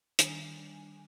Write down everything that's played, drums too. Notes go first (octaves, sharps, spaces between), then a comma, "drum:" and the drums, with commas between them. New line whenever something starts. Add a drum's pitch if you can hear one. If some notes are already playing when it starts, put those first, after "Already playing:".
D#3 G3 D4 G#5, drum: hi-hat